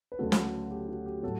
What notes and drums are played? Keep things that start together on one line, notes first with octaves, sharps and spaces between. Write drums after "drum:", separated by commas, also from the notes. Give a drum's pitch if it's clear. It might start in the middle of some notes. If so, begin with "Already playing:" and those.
B4
D2 C#3 F#3 A3 F#4 A4
drum: snare
G4
F#4
G4
A2 F#3 A3 F#4 A4